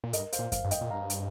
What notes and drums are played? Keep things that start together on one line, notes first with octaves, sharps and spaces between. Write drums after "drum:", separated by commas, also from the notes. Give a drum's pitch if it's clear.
A#2
G2 A#4 D#5, drum: hi-hat
C5 F5, drum: hi-hat
A#2
C5 F5, drum: kick F#2, hi-hat
G2
D#5 G5, drum: hi-hat
A#2
G2 F5 A#5
drum: hi-hat